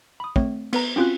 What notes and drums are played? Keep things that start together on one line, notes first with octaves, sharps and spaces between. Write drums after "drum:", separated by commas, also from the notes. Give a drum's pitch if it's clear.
B5 D#6
A3 C4 C#5, drum: kick
B3 B4 A#5, drum: cymbal
C4 C#4 F4 F#4 F#6